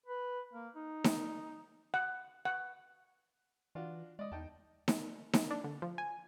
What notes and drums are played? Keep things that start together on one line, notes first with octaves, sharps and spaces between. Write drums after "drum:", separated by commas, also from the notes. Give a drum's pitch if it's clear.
B4
A#3
D#4
drum: snare D#4
F#5
F#5
E3 D4 F4 F#4
G#3 D5 D#5
E2 D#4 G5 A5
drum: snare D#4
drum: snare D#4
D4
D3
F3
G#5